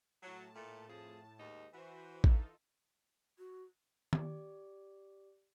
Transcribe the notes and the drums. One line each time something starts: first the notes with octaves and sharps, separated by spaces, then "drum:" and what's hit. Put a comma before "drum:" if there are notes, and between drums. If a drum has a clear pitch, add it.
A2 F#3 A5
A#2 A3
F2 F3 G#4
D#2 G#2 D#4
E3 F#4 C5
D#4 F4 A4, drum: kick A1
F#4
G4 D5 D6, drum: tom